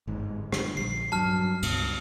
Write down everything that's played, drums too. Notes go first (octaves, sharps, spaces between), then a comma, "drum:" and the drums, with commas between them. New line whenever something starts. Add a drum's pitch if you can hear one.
G1 G#2
D3 G3, drum: rim click
A#1 C7
G2 F#3 A5 F6
C#2 G2 B2, drum: cymbal